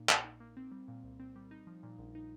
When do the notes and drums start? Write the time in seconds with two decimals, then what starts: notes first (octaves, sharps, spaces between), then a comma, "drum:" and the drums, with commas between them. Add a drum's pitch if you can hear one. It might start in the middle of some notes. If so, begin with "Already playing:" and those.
Already playing: A#2 A#3 D#4
0.09 A#1, drum: clap
0.24 D#4
0.40 A#3
0.57 C4
0.72 G3
0.88 A#2
1.04 C2
1.20 C4
1.36 G3
1.51 D#4
1.67 F3
1.83 A#2
1.99 A#1
2.15 D#4